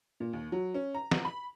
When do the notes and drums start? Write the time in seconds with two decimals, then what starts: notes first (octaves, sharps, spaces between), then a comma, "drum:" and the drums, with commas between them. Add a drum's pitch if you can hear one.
0.20 A#2
0.33 D#2
0.52 F#3
0.74 C#4
0.94 A#5
1.11 drum: snare
1.25 B5